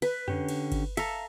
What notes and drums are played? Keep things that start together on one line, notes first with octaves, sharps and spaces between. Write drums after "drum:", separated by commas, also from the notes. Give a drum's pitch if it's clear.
B4, drum: cymbal
D3 C#4 G4, drum: tom F2
drum: cymbal
drum: kick G1, cymbal
A4 E5 F5 A#5, drum: cymbal